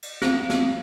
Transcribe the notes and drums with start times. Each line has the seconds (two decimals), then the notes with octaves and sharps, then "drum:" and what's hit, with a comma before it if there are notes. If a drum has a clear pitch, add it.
0.02 drum: cymbal
0.22 C4, drum: snare
0.50 drum: snare